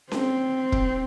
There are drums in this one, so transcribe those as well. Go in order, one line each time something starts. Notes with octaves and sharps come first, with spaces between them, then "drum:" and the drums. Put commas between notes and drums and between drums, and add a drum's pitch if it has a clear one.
C4, drum: snare C#4
drum: kick